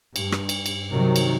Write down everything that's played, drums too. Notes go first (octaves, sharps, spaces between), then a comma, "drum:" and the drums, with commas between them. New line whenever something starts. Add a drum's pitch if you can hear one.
G2, drum: cymbal
drum: rim click
drum: cymbal
drum: cymbal
C3 D#3 F#3
drum: cymbal